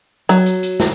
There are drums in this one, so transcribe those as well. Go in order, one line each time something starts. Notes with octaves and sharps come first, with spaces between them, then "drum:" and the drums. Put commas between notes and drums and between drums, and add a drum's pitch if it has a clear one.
F#3, drum: hi-hat
drum: hi-hat
drum: hi-hat
drum: snare